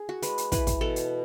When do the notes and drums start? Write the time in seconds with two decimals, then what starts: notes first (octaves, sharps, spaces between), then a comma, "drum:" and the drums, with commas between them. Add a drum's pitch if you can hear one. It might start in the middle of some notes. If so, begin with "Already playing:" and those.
Already playing: G#4
0.09 F#4
0.22 G#3 B4, drum: hi-hat
0.38 drum: hi-hat
0.52 E3 B4, drum: kick, hi-hat
0.67 drum: kick, hi-hat
0.81 B2 A4
0.96 drum: hi-hat